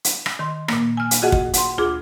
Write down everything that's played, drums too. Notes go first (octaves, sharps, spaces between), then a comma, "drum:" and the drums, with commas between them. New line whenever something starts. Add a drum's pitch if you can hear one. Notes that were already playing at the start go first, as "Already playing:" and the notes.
drum: hi-hat
drum: rim click
D#3 C6
A#2 A#3, drum: rim click
G#5 F6
drum: hi-hat
F4 F#4 G#4 D#5 F#5
drum: kick
F#5 C6, drum: hi-hat
D2 F4 G#4 D6